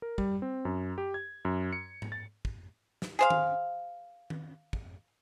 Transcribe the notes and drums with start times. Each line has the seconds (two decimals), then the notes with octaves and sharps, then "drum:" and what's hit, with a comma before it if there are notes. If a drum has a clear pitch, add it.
0.02 A#4
0.18 G3, drum: kick
0.42 C4
0.65 F#2
0.98 G4
1.14 G#6
1.45 F#2
1.73 C#7
2.02 drum: tom G#2
2.12 A6
2.45 drum: kick
3.02 drum: snare
3.19 G#4 C5 F5
3.30 drum: tom D#3
4.30 drum: tom D#3
4.73 drum: kick